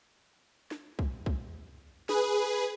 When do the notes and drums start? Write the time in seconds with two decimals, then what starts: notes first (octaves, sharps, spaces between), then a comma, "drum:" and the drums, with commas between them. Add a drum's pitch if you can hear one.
0.71 drum: snare
0.99 drum: kick C2
1.26 drum: kick C2
2.09 G#4 B4, drum: snare